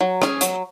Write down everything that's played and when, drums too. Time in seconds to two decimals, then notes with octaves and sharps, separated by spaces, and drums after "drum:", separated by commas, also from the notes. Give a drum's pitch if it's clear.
0.01 F#3
0.22 C#4 G#4, drum: rim click
0.41 F#3, drum: hi-hat